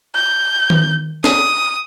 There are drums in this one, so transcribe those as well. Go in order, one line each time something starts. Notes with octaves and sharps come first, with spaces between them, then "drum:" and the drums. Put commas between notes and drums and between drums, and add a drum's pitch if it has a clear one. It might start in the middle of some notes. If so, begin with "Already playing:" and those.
G6
drum: tom D#3
D#6, drum: snare